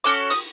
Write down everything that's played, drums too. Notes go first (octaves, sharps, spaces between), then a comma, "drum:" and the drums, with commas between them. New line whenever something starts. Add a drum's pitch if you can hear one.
C#4 F#4 A4 D6
D#6, drum: open hi-hat